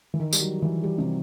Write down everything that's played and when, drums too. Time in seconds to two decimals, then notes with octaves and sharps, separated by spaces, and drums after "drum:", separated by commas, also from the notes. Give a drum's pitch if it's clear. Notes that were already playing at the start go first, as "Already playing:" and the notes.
0.14 E3
0.20 D#3
0.33 G3, drum: tambourine
0.40 F#3
0.62 E3
0.84 G3
0.98 C3